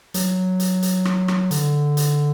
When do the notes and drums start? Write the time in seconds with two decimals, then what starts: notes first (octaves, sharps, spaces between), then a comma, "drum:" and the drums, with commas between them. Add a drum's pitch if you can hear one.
0.14 F#3, drum: hi-hat
0.60 drum: hi-hat
0.82 drum: hi-hat
1.05 drum: rim click
1.28 drum: rim click
1.51 D3, drum: hi-hat
1.97 drum: hi-hat